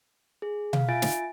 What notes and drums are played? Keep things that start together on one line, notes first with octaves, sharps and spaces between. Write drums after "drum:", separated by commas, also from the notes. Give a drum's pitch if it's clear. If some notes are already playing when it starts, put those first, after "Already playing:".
G#4
F5, drum: tom B2
F4 E5 G#5 A6 D7
drum: snare